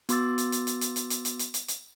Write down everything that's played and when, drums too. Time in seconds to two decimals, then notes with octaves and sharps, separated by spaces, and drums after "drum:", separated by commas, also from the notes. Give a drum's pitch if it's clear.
0.09 B3 F#4 C6 D6 E6 A6, drum: hi-hat
0.38 drum: hi-hat
0.52 drum: hi-hat
0.67 drum: hi-hat
0.81 drum: hi-hat
0.96 drum: hi-hat
1.10 drum: hi-hat
1.25 drum: hi-hat
1.39 drum: hi-hat
1.54 drum: hi-hat
1.68 drum: hi-hat